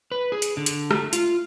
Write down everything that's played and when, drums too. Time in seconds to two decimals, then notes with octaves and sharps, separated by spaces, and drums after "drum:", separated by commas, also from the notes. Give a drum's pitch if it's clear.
0.12 B4
0.32 G#4
0.42 drum: hi-hat
0.57 D3
0.66 drum: hi-hat
0.91 A3, drum: rim click
1.13 F4, drum: hi-hat